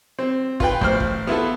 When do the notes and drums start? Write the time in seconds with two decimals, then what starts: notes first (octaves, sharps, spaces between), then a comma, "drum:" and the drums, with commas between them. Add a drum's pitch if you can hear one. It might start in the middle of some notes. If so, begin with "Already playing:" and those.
0.19 C4
0.60 F4 B4 G5, drum: kick
0.81 A1 C5 F6, drum: kick
1.00 drum: kick
1.27 B3 E4 F4 A4